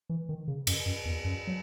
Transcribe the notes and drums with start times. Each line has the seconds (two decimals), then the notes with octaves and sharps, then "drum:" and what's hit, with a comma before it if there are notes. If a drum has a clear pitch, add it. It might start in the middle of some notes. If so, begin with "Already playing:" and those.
0.09 E3
0.29 D#3
0.48 C#3
0.67 F#2, drum: cymbal
0.86 F#2
1.05 E2
1.25 F#2
1.47 F#3